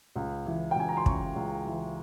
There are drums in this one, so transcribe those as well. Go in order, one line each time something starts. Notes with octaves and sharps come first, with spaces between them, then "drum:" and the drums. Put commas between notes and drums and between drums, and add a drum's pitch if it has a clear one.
C#2
E3
G5
C#2 G#5
A#5
C6
C#3 C#6, drum: kick
C#2
E3